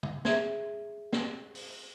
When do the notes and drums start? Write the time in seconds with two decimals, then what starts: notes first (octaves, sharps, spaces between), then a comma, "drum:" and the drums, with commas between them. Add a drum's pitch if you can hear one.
0.03 drum: tom
0.25 G#4 E5 G#6, drum: snare
1.13 drum: snare
1.55 drum: open hi-hat